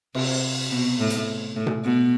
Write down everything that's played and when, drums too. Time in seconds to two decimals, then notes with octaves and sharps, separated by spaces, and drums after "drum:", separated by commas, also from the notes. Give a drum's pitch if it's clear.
0.15 C3, drum: cymbal
0.72 B2
1.00 A2
1.10 drum: hi-hat
1.56 A2
1.67 drum: tom B2
1.85 B2